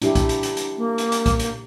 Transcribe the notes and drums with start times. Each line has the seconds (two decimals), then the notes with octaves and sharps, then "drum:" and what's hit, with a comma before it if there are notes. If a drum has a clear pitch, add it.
0.02 D4 E4 G4, drum: hi-hat
0.15 drum: kick, hi-hat
0.29 drum: hi-hat
0.43 drum: hi-hat
0.57 drum: hi-hat
0.77 A#3
0.98 drum: hi-hat
1.12 drum: hi-hat
1.26 drum: kick, hi-hat
1.40 drum: hi-hat